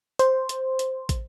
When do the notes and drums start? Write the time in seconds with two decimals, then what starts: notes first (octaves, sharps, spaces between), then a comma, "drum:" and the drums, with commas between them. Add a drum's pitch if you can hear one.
0.19 C5, drum: hi-hat
0.49 drum: hi-hat
0.79 drum: hi-hat
1.09 drum: kick, hi-hat